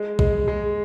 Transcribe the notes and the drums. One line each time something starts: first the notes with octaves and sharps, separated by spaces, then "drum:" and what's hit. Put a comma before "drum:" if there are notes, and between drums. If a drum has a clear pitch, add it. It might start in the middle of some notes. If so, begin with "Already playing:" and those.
Already playing: G#3
G#3, drum: kick
G#3